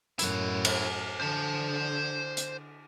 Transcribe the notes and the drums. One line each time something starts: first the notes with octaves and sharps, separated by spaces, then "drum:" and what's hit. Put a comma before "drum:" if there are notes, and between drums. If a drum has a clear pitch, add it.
F#2 A2 E4 F#4, drum: hi-hat
drum: cymbal
D3 C5 A5
drum: hi-hat